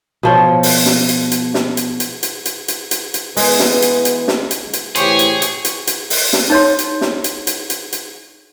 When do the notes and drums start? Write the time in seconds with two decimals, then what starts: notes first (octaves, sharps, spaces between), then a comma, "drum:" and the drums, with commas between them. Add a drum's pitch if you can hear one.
0.23 B2 F3 C#5
0.63 drum: open hi-hat
0.86 drum: snare
1.09 drum: hi-hat
1.32 drum: hi-hat
1.54 drum: snare
1.77 drum: hi-hat
2.00 drum: hi-hat
2.23 drum: hi-hat
2.45 drum: hi-hat
2.68 drum: hi-hat
2.91 drum: hi-hat
3.14 drum: hi-hat
3.37 E3 G#3 B3 B4 G#5, drum: open hi-hat
3.59 drum: snare
3.82 drum: hi-hat
4.05 drum: hi-hat
4.28 drum: snare
4.51 drum: hi-hat
4.73 drum: hi-hat
4.95 A2 E3 G4 G#4 C5 C#5, drum: hi-hat
5.19 drum: hi-hat
5.42 drum: hi-hat
5.65 drum: hi-hat
5.87 drum: hi-hat
6.10 drum: open hi-hat
6.33 drum: snare
6.50 D#4 C#5 C6
6.79 drum: hi-hat
7.01 drum: snare
7.24 drum: hi-hat
7.47 drum: hi-hat
7.70 drum: hi-hat
7.93 drum: hi-hat